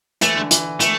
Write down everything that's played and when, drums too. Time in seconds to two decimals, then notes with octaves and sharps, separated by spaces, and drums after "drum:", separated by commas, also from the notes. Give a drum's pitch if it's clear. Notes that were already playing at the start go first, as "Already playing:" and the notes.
0.21 E3 A3, drum: hi-hat
0.36 D3
0.51 E3, drum: hi-hat
0.80 A3, drum: hi-hat